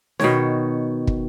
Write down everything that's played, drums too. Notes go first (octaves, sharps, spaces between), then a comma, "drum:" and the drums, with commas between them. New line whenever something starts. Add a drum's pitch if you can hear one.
B2 D#3 C#5, drum: snare
drum: kick